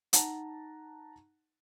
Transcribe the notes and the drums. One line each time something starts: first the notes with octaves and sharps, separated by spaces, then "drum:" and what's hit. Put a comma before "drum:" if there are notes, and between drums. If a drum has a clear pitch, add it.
D#4 F#5 A5 A#5, drum: hi-hat